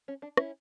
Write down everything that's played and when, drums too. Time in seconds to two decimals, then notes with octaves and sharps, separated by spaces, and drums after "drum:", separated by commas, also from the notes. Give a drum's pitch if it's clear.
0.08 C#4
0.22 D4
0.37 C#4 E4, drum: rim click